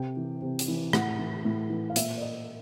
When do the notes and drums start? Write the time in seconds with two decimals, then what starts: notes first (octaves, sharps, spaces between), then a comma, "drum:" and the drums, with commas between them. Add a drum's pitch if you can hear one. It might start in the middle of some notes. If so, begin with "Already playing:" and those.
Already playing: C3 G5
0.17 E3
0.42 C3
0.59 drum: hi-hat
0.68 E3
0.93 A2 F#5, drum: rim click
1.19 E3
1.45 A2
1.70 E3
1.90 F5
1.96 A#2 E5, drum: hi-hat
2.17 D5
2.22 D#5